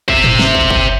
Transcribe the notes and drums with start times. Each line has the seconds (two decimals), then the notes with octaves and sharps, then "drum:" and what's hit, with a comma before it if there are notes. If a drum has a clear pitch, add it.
0.08 C5 E5, drum: kick
0.24 drum: tom
0.39 drum: snare
0.55 drum: kick
0.70 drum: kick